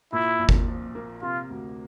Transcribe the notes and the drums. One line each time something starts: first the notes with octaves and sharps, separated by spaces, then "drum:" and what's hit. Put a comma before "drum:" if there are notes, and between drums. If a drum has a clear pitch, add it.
A#2 E4
A#1
drum: kick G1
F3
A#3
C3 F4
D2